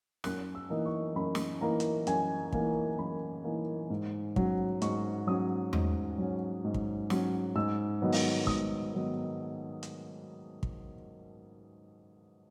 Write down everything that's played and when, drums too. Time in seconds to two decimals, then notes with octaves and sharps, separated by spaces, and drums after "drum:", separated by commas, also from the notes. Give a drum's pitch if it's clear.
0.24 F#2 F#6, drum: snare
0.55 E6
0.70 E3 A#3 D#4
0.86 C#6
1.16 F#2 B5
1.35 drum: snare
1.61 E3 A#3 D#4 A#5
1.80 drum: hi-hat
2.07 F#2 G#5, drum: hi-hat
2.52 E3 A#3 D#4, drum: kick
2.99 F#2 B5
3.44 E3 A#3 D#4
3.90 G#2
4.36 F#3 C#4, drum: kick
4.82 G#2 C#6, drum: hi-hat
5.27 F#3 C#4 D#6
5.73 G#2, drum: tom E2
6.18 F#3 C#4
6.64 G#2
6.74 drum: kick
7.10 F#3 C#4, drum: snare
7.55 G#2 E6
8.02 D#3 F#3 B3 D#4
8.12 drum: open hi-hat
8.47 G#2 D#6, drum: kick
8.93 D#3 F#3 B3 D#4
9.83 drum: hi-hat
10.63 drum: kick